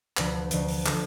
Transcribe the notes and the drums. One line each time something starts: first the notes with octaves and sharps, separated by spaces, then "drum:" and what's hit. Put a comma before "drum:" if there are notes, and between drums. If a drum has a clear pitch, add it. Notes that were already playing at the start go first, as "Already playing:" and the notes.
D2 D3 F3 B4, drum: clap
D2 D3 F3, drum: hi-hat
drum: open hi-hat
D3 F3 A4, drum: clap